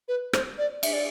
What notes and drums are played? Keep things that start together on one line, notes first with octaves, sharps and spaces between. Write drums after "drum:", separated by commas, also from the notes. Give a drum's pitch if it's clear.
B4
C5, drum: rim click
D5
E5, drum: cymbal
D5